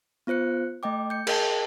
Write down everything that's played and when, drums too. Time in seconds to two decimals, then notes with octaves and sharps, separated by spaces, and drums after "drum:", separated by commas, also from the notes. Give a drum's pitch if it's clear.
0.27 B3 F4 C5 F#6 C#7
0.83 A3 D#5 G5 D6
1.10 G6 C#7
1.27 G#4 A#4 D#5 G5 A5, drum: cymbal